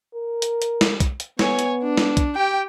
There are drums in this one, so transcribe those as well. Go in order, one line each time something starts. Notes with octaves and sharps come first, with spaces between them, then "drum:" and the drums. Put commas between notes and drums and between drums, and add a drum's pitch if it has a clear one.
A#4
drum: hi-hat
drum: hi-hat
drum: snare
drum: kick, hi-hat
drum: hi-hat
B3 C#5 G#5, drum: snare
drum: hi-hat
D4
drum: snare
drum: kick, hi-hat
G4 G5